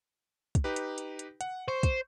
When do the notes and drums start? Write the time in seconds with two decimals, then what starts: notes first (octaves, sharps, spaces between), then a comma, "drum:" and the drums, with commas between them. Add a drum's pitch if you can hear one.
0.55 drum: kick, hi-hat
0.64 D#4 G4 B4
0.76 drum: hi-hat
0.98 drum: hi-hat
1.19 drum: hi-hat
1.41 F#5, drum: hi-hat
1.68 C5 C#6
1.83 drum: kick, hi-hat